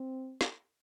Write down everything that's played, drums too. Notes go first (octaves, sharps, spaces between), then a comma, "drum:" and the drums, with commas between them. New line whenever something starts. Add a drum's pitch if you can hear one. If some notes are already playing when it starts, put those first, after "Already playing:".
Already playing: C4
drum: snare